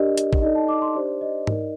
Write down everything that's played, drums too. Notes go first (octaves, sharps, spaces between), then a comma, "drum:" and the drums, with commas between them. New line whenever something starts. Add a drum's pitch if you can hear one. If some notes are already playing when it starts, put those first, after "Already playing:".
Already playing: D4 G4 A#4 D5 D#5
drum: hi-hat
drum: kick
D#4 A4 D5 D#5
A5
D6
C6
D4 G4 C5 D5
D#5
D#4 A#4 D5, drum: tom G#2